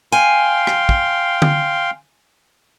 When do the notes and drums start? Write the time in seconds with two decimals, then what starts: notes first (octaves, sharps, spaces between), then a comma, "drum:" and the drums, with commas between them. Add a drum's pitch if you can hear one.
0.12 F5 G5 G#5 C6
0.67 drum: rim click
0.89 drum: kick
1.42 drum: tom